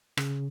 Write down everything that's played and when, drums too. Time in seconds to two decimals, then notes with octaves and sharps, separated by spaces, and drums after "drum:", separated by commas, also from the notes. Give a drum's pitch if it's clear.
0.17 C#3, drum: rim click